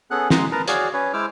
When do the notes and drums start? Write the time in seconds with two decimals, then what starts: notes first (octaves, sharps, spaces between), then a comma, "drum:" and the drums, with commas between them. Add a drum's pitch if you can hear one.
0.11 B3 C#4 G#4 A4 F#5 F#6
0.30 G#3 D#5 F#5 A#5 C6, drum: snare
0.52 A#4 B4 A5 A#5
0.68 F#4 G#4 C#5 D5 F5, drum: hi-hat
0.93 C#4 B4 C#5
1.13 G#3 E4 C5 D6 E6 F6